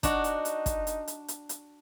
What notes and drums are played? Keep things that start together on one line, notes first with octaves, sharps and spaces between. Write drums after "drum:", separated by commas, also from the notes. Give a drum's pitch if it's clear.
D4 D#4 F#4, drum: kick, hi-hat
drum: hi-hat
drum: hi-hat
drum: kick, hi-hat
drum: hi-hat
drum: hi-hat
drum: hi-hat
drum: hi-hat